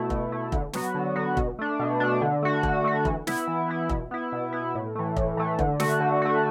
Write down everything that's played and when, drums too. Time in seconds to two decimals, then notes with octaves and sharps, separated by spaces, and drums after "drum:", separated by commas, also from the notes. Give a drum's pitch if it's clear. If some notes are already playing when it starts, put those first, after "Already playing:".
Already playing: B2 A3 E4
0.10 B2, drum: kick F1
0.32 A3 E4
0.52 D3, drum: kick F1
0.73 F#3 B3 F#4, drum: snare
0.95 D3
1.16 F#3 B3 F#4
1.37 B2, drum: kick F1
1.59 A3 D4
1.79 B2
2.00 A3 D4
2.22 D3
2.43 A3 F#4
2.63 D3, drum: kick F1
2.84 A3 F#4
3.05 E3, drum: kick F1
3.27 B3 E4, drum: snare
3.48 E3
3.68 B3 E4
3.89 B2, drum: kick F1
4.11 B3 E4
4.32 B2
4.53 B3 E4
4.75 A2
4.95 E3 A3
5.17 A2, drum: kick F1
5.37 E3 A3
5.59 D3, drum: kick F1
5.80 A3 F#4, drum: snare
6.00 D3
6.22 A3 F#4